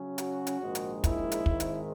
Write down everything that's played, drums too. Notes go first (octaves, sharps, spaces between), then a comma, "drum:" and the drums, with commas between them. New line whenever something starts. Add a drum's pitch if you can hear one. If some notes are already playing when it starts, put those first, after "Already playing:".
Already playing: C#3 F#3 C#4
F#4, drum: hi-hat
drum: hi-hat
A#1 G#2 D#3 G#3
drum: hi-hat
E4, drum: kick, hi-hat
drum: hi-hat
G#1 G#2 D#3 G#3, drum: kick
drum: hi-hat